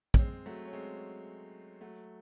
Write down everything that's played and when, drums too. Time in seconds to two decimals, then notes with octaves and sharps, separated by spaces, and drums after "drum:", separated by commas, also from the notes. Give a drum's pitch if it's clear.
0.14 C#4, drum: kick
0.19 G#3 C4
0.46 F#3 A3
0.65 C#4
0.73 G#3 C4
1.81 F#3 A3